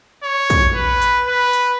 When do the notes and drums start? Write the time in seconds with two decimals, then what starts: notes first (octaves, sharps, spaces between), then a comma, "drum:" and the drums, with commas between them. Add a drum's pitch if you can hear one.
0.24 C#5
0.50 drum: kick, hi-hat
0.76 B4
1.02 drum: hi-hat
1.28 B4
1.53 drum: hi-hat